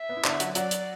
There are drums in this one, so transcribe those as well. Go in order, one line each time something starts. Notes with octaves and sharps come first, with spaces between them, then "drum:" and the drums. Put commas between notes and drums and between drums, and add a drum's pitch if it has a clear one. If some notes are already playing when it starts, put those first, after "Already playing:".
Already playing: E5
B3
E4
D3 D4, drum: clap
F#3 F#4, drum: hi-hat
F#3 F#4 D5, drum: hi-hat
drum: hi-hat